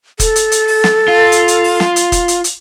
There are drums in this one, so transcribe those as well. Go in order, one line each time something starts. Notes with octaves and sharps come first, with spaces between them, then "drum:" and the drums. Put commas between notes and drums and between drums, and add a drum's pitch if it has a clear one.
A4, drum: kick, hi-hat
drum: hi-hat
drum: hi-hat
drum: open hi-hat
drum: snare
F4
drum: hi-hat
drum: hi-hat
drum: open hi-hat
drum: snare
drum: hi-hat
drum: kick, hi-hat
drum: hi-hat
drum: hi-hat